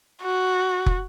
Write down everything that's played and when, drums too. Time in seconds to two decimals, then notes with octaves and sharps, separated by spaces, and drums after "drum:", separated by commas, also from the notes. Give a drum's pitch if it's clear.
0.22 F#4
0.86 drum: kick